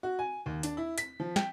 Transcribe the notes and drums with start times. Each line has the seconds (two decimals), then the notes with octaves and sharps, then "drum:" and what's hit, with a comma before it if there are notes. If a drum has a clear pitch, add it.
0.03 F#4
0.19 G#5
0.46 D#2
0.63 D4, drum: hi-hat
0.77 E4
0.98 B6, drum: hi-hat
1.20 F3
1.36 G5, drum: snare